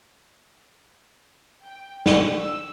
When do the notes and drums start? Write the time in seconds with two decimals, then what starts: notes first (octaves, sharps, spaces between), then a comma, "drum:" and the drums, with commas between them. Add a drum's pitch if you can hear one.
1.64 G5
2.06 G4, drum: snare
2.40 E6